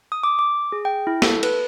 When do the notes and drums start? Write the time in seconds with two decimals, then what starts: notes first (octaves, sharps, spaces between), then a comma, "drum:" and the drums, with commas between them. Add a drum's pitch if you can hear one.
0.12 D#6
0.24 D6
0.39 D6
0.72 G#4
0.85 G5
1.07 E4
1.22 A4, drum: snare
1.43 B4, drum: cymbal